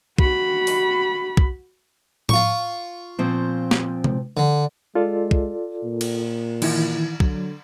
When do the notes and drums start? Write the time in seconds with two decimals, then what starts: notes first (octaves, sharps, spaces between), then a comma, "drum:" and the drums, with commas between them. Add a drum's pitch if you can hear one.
0.18 F#4 B5, drum: kick B1
0.67 drum: open hi-hat
1.37 drum: kick B1
2.29 F4 C#6, drum: tom A2
3.19 A#2 F3 C4
3.71 drum: snare
4.04 drum: tom C3
4.37 D3
4.95 G#3 F4 A4 D5
5.31 drum: kick B1
5.85 A#2
6.01 drum: cymbal
6.62 D#3 E3 E4, drum: cymbal
7.20 D3 F#3, drum: kick B1